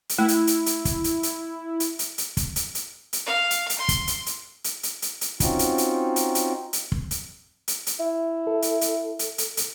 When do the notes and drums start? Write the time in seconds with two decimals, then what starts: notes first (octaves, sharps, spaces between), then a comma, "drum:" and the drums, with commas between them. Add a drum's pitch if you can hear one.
0.09 drum: hi-hat
0.19 A3 E4
0.28 drum: hi-hat
0.47 drum: hi-hat
0.66 drum: hi-hat
0.85 drum: kick, hi-hat
1.04 drum: hi-hat
1.23 drum: hi-hat
1.80 drum: hi-hat
1.99 drum: hi-hat
2.18 drum: hi-hat
2.37 drum: kick, hi-hat
2.56 drum: hi-hat
2.75 drum: hi-hat
3.13 drum: hi-hat
3.26 F5
3.51 drum: hi-hat
3.70 drum: hi-hat
3.79 C6
3.89 drum: kick, hi-hat
4.07 drum: hi-hat
4.26 drum: hi-hat
4.64 drum: hi-hat
4.83 drum: hi-hat
5.02 drum: hi-hat
5.21 drum: hi-hat
5.40 C4 C#4 D#4 F4 F#4, drum: kick, hi-hat
5.59 drum: hi-hat
5.78 drum: hi-hat
6.16 drum: hi-hat
6.35 drum: hi-hat
6.73 drum: hi-hat
6.92 drum: kick
7.11 drum: hi-hat
7.68 drum: hi-hat
7.87 drum: hi-hat
8.00 E4
8.47 A4
8.62 drum: hi-hat
8.81 drum: hi-hat
9.19 drum: hi-hat
9.38 drum: hi-hat
9.57 drum: hi-hat